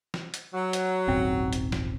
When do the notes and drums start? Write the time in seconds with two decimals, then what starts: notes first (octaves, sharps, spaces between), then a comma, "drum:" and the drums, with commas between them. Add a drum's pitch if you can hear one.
0.14 drum: snare
0.34 drum: hi-hat
0.53 F#3
0.73 drum: hi-hat
1.08 D#1 G#1 C4
1.53 drum: hi-hat
1.72 drum: snare